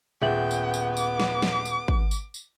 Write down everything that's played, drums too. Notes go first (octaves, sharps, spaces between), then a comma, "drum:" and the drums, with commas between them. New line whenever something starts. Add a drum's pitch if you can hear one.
D#1 B3 G#4 E5 G5 F#7
drum: tambourine
drum: tambourine
D6, drum: tambourine
drum: snare
drum: snare
drum: tambourine
drum: kick
drum: tambourine
drum: tambourine